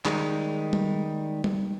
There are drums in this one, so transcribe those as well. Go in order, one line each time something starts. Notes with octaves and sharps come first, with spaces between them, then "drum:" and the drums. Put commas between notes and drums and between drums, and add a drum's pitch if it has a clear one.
D#3 G3 G#3 D#4, drum: clap
drum: tom G3
drum: tom G3